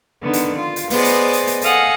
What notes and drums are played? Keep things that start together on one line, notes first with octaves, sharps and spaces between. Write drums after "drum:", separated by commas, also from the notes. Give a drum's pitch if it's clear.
D3 D#3 B3
drum: hi-hat
F4
drum: hi-hat
B3 G#4 C5 D5 D#5, drum: open hi-hat
drum: hi-hat
drum: hi-hat
drum: hi-hat
A4 D#5 F5 F#5 G#5, drum: hi-hat